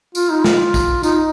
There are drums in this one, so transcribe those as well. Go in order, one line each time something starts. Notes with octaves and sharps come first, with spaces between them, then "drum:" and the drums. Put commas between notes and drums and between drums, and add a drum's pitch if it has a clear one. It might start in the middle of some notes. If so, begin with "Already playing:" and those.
F4, drum: tambourine
D#4
F4, drum: snare
drum: kick, tambourine
D#4, drum: tambourine